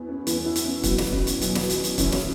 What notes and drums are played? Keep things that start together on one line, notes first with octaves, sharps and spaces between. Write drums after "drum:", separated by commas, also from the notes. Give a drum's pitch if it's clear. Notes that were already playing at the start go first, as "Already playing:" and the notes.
Already playing: E2 E3 B3
C#4
E2 E3 B3, drum: hi-hat
E4
drum: hi-hat
C#4
E2 B2 F#3 B3, drum: kick, hi-hat
drum: snare
C#4, drum: kick
drum: hi-hat
E2 B2 F#3, drum: hi-hat
drum: snare
drum: hi-hat
drum: hi-hat
F#2 C#3 E3 C#5, drum: kick, hi-hat
drum: snare